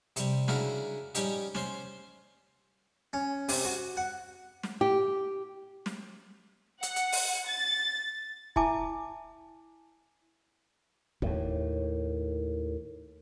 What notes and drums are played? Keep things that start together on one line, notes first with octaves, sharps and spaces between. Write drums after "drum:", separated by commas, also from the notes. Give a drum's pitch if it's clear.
C3 G3, drum: hi-hat
C#3 D4 E4 F#4 A#4, drum: snare
G3 C#4 D#4 G4, drum: hi-hat
C#4 C5 C6, drum: snare
C#4
C3, drum: open hi-hat
F#4
F#5
drum: snare
G4
drum: snare
F#5, drum: hi-hat
drum: hi-hat
drum: open hi-hat
A6
E4 E5 G#5 A5 D6, drum: kick
D#2 A2, drum: kick